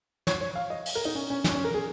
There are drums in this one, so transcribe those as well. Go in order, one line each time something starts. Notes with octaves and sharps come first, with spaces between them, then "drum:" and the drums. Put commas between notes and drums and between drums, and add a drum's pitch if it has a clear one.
C#5, drum: snare
C#5
F5
D#5
drum: open hi-hat
A#4
D#4
C#4
C#4
C#4, drum: snare
C#4
A#4
G#4